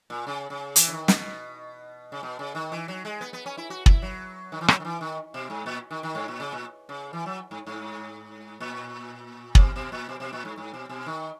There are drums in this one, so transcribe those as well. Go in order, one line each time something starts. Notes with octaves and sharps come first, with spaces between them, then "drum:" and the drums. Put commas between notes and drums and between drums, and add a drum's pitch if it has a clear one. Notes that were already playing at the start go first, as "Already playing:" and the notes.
A#2
C#3
C#3
E3, drum: hi-hat
C#3
D#3
B2, drum: snare
C#3
B2
C#3
D#3
E3
F#3
G#3
B3
B3
C#4
E4
F#4
E4, drum: kick
F#3
D#3
E3
F#3, drum: rim click
D#3
E3
D#3
B2
G#2
A#2
D#3
D#3
G#2
A#2
C#3
A#2
C#3
E3
F#3
G#2
G#2
A#2
C#3, drum: kick
B2
B2
A#2
B2
B2
A#2
G#2
G#2
B2
B2
D#3